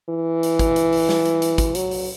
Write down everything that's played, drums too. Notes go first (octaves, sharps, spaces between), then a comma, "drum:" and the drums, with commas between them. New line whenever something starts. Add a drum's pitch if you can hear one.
E3
drum: hi-hat
drum: kick, hi-hat
drum: hi-hat
drum: open hi-hat
drum: snare
drum: hi-hat
drum: hi-hat
drum: kick, hi-hat
F#3, drum: hi-hat
drum: open hi-hat